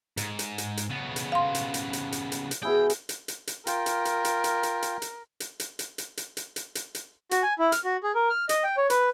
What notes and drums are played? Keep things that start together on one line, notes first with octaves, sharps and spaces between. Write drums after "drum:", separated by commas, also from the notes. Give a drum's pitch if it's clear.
G#2, drum: hi-hat
drum: hi-hat
drum: hi-hat
drum: hi-hat
C#3 B3
drum: hi-hat
F5 C6
drum: hi-hat
drum: hi-hat
drum: hi-hat
drum: hi-hat
drum: hi-hat
drum: hi-hat
B2 E4 G#4 G5
drum: hi-hat
drum: hi-hat
drum: hi-hat
drum: hi-hat
F4 A#4 G5, drum: hi-hat
drum: hi-hat
drum: hi-hat
drum: hi-hat
drum: hi-hat
drum: hi-hat
drum: hi-hat
drum: hi-hat
drum: hi-hat
drum: hi-hat
drum: hi-hat
drum: hi-hat
drum: hi-hat
drum: hi-hat
drum: hi-hat
drum: hi-hat
drum: hi-hat
F#4, drum: hi-hat
G#5
E4
F6, drum: hi-hat
F#4
G#4
A#4
F6
D#5, drum: hi-hat
G5
C#5
B4, drum: hi-hat